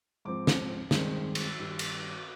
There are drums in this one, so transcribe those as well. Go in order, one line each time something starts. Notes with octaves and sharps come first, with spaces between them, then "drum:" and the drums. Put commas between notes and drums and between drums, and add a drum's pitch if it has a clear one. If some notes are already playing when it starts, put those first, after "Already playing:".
G#2 F3 C4 D6
drum: snare
G2 D#3 G#3 C4, drum: snare
drum: cymbal
G2 D#3 G3
drum: cymbal